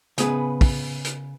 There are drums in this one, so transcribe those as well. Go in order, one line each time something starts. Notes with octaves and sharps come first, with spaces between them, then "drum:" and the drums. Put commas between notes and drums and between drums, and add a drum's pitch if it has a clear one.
C#3 B3 G#4 B4, drum: hi-hat
drum: kick, open hi-hat
drum: hi-hat